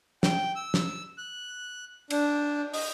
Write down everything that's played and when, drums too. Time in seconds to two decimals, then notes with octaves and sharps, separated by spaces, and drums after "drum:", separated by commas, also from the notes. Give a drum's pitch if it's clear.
0.23 G5, drum: snare
0.55 E6
0.74 drum: snare
1.18 F#6
2.10 D4, drum: cymbal
2.74 D#5, drum: open hi-hat